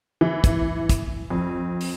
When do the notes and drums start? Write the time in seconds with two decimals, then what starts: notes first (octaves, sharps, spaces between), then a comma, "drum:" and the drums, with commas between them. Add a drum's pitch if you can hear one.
0.21 E3
0.44 drum: kick, hi-hat
0.89 drum: kick, hi-hat
1.30 F2
1.81 drum: open hi-hat